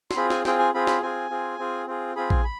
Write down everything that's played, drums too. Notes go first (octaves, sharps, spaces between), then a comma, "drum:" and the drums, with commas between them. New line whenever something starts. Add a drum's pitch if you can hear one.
C6, drum: snare
C4 F4 G#4 B5
G#5, drum: snare
C4 F4 G#4 G5, drum: snare
G#5
C4 F4 G#4 B5
B5, drum: snare
C4 F4 G#4 G#5
C4 F4 G#4
C4 F4 G#4
C4 F4 G#4
C4 F4 G#4 B5
G#5, drum: kick
B5